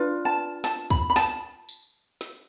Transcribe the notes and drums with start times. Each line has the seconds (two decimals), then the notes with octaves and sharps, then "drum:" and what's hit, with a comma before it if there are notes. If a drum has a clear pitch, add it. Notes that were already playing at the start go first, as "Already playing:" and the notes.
Already playing: D4 F4 B4
0.25 A5
0.64 A5, drum: snare
0.90 B5, drum: kick
1.10 B5
1.16 A5, drum: snare
1.69 drum: tambourine
2.21 drum: snare